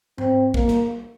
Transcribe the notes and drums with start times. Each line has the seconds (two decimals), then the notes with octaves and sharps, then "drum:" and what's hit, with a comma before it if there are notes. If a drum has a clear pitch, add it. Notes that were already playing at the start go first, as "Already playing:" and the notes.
0.18 C4, drum: tom G#2
0.54 A#3, drum: kick
0.68 drum: snare